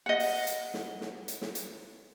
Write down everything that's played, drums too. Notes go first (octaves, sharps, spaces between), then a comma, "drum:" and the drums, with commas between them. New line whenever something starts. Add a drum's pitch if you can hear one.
D#5 F#5
drum: open hi-hat
drum: hi-hat
drum: snare
drum: snare
drum: hi-hat
drum: snare
drum: hi-hat